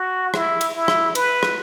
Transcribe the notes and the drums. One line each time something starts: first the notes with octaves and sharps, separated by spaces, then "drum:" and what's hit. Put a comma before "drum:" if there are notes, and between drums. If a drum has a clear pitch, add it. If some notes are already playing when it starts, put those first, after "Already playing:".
Already playing: F#4
E4, drum: rim click
drum: cymbal
E4
drum: rim click
B4, drum: cymbal
drum: rim click